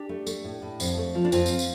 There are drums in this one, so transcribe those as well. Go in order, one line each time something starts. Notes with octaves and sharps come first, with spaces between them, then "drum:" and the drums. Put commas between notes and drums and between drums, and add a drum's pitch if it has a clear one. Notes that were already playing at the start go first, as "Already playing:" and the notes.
Already playing: D4 G4
A3
A3, drum: tambourine
A2
A2
F2, drum: tambourine
A3
F3
D4
F2 C4 F4, drum: tambourine
drum: tambourine
drum: tambourine